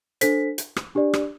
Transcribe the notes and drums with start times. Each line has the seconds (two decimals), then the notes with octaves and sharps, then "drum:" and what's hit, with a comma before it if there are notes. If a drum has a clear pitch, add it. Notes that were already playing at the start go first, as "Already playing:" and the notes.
0.21 D4 A4 C5 B6, drum: hi-hat
0.58 drum: hi-hat
0.76 drum: rim click
0.95 D4 G4 D5
1.14 drum: rim click